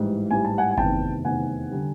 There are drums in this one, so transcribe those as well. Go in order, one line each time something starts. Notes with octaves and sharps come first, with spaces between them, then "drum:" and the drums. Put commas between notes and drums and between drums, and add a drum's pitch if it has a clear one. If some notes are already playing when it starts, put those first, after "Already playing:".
Already playing: A1 G#2 E3 G3
A1 G#2 E3 G3 G#5
A5
F#5 G#5
G#5
F1 E2 C3 D#3 G5 A5, drum: kick G1
F1 E2 C3 D#3 F#5 G#5
D3 G3